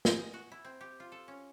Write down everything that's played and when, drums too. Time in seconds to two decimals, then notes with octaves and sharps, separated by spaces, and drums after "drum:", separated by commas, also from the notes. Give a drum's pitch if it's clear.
0.05 G#4, drum: snare
0.19 D#5
0.34 F#4
0.52 E4
0.65 C4
0.81 G4
1.00 F4
1.12 A4
1.28 C#4